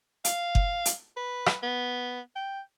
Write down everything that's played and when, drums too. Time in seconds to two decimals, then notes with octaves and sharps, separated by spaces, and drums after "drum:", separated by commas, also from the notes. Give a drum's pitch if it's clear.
0.25 F5, drum: hi-hat
0.55 drum: kick F#1
0.85 drum: hi-hat
1.17 B4
1.46 drum: rim click
1.63 B3
2.36 G5